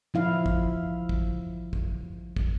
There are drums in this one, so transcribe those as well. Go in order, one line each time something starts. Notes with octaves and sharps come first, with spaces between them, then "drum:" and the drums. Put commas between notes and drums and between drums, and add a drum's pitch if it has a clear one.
F3 E4 F5
drum: kick
drum: kick
drum: kick
drum: kick